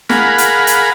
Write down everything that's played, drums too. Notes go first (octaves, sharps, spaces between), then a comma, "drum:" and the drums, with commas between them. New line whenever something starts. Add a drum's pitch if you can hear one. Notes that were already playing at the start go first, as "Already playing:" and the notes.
G#4 A#4 F5 F#5 B5, drum: snare
drum: hi-hat
drum: hi-hat